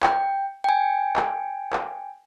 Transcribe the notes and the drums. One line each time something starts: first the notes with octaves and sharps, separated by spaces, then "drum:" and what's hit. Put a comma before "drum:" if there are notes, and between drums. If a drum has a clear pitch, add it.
G5, drum: clap
G5 G#5
drum: clap
drum: clap